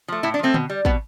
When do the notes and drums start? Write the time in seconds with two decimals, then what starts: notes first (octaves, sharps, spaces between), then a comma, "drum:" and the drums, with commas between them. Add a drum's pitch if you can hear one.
0.08 F3 A3
0.23 A2 E4
0.34 D4
0.39 F3 A3 C4
0.54 B2, drum: tom D3
0.70 G3
0.85 B2 B3, drum: kick